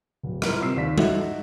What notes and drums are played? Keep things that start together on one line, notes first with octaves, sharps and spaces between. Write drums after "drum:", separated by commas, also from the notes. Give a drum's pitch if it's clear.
D1
G3 E4 F4 A#4, drum: rim click
C3 E6 C7
D#2 D5 B6
D#4 F#4 E5, drum: tom G3